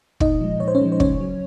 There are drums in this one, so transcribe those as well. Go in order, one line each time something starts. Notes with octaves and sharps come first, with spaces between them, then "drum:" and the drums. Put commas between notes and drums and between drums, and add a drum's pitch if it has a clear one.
A#2 D#4 D#5, drum: kick
F3 G#3
A#2 C#5
C5
C#4 C#5
F3 G#3
C5
C#3 C#4 C#5, drum: kick
F#3